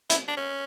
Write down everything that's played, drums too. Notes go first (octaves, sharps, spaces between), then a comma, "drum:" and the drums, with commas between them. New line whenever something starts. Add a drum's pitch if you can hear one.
E4, drum: hi-hat
D4
C#4